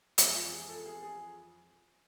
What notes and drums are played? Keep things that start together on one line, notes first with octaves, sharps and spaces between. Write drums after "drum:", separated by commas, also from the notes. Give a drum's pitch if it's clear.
F2 E3 G#3 E4, drum: hi-hat
F4
G#4
A4
G#4
G#4